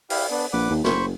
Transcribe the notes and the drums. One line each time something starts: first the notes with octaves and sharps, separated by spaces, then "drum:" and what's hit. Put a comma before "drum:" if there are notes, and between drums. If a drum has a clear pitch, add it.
E4 G4 F5, drum: open hi-hat
B3 D4
A#1 B4 F#5 D6
D#2
F#1 C5 B5 C#6, drum: snare